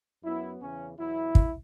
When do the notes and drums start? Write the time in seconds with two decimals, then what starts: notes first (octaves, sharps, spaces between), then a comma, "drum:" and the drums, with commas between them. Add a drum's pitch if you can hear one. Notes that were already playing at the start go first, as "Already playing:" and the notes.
0.23 F#2 F#3 B3 E4
0.61 E2 C#3 E3 C#4
0.98 E2 B2 F#3 E4
1.35 drum: kick